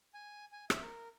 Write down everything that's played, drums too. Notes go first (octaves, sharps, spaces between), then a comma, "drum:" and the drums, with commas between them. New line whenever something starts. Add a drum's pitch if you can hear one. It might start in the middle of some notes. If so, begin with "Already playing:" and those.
G#5
G#5
E5, drum: rim click
A#4